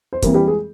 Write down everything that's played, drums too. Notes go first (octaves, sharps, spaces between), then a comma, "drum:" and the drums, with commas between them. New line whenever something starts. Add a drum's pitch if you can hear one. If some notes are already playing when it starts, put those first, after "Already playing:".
C5
F2 E3 G3 A#3 A#4, drum: kick, hi-hat
G3 G4
G#3 G#4